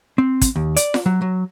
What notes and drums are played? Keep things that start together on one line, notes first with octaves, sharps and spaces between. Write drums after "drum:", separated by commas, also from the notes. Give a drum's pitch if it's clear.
C4
drum: kick, hi-hat
D#2
D5, drum: hi-hat
drum: snare F4
F#3
F#3